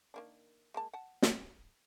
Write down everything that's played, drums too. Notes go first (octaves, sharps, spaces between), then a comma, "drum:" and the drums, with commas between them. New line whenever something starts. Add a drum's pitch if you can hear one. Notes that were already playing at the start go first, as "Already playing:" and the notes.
D#3 A#3 D4
G#3 A#3 A5
F#5 A5
drum: snare